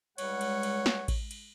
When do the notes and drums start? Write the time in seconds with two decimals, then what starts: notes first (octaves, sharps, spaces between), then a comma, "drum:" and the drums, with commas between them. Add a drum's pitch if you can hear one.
0.18 C#2 G3 G#3 C#5 F#5, drum: cymbal
0.41 drum: cymbal
0.63 drum: cymbal
0.86 drum: snare
1.08 drum: kick A1, cymbal
1.31 drum: cymbal